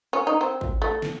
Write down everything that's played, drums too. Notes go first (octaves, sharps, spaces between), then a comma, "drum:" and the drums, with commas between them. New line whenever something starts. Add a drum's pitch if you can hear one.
C#4
D#4
C4
drum: kick G#1
A3
drum: snare